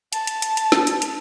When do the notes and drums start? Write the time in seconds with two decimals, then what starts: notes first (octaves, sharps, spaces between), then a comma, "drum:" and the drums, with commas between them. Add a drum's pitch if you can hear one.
0.13 A5, drum: hi-hat
0.27 drum: hi-hat
0.42 drum: hi-hat
0.57 drum: hi-hat
0.72 drum: snare
0.87 drum: hi-hat
1.02 drum: hi-hat